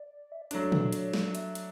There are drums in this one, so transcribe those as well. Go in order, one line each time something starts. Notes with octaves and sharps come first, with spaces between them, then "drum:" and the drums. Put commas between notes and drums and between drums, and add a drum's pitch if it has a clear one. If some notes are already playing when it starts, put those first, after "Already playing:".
Already playing: D5
E5
D5
F#3 A3 D4 C#5, drum: hi-hat
B4, drum: tom
C#5, drum: hi-hat
C#5
D5, drum: snare
E5, drum: hi-hat
drum: hi-hat